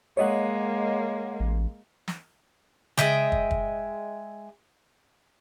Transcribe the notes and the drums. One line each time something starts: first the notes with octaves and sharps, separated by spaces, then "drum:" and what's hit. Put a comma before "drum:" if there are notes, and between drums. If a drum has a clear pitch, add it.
G#3 A#3 C#5 D#5 F#5
A1
drum: snare
G#3 D#5 E5 G5, drum: tom C#3
drum: kick
drum: kick